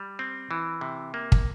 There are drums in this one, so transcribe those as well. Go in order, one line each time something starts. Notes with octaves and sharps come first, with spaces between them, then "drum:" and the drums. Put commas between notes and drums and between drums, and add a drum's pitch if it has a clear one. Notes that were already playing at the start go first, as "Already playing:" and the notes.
Already playing: G3
C4
E3
C3
A#3
drum: kick